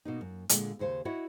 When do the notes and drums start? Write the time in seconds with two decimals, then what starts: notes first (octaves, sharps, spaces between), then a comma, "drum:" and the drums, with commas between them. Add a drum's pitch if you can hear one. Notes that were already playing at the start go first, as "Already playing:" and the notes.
0.05 B2 A#3 D#4
0.21 F#2
0.49 A#2 D3 G#3, drum: hi-hat
0.79 D#2 C#3 C5 C#5 F5
1.05 E4 F#4 C#5 D#5 E5 F#5